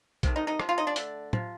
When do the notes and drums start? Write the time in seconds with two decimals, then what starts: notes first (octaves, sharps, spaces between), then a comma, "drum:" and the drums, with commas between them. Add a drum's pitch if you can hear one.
0.23 C3 D#3 A3, drum: kick B1, hi-hat
0.36 D#4 D#5
0.47 D#4 D#5
0.60 C3 F3, drum: rim click
0.69 F4 F5
0.78 D#4 D#5
0.87 D4 D5
0.96 D3 A3, drum: hi-hat
1.33 C3 F3, drum: tom